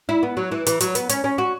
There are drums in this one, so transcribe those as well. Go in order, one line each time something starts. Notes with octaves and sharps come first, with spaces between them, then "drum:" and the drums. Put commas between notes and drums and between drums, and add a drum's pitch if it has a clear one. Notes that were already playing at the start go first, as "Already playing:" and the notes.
E4
B3
F#3
E3
E3, drum: hi-hat
F#3, drum: hi-hat
B3, drum: hi-hat
C#4, drum: hi-hat
C#4
F#4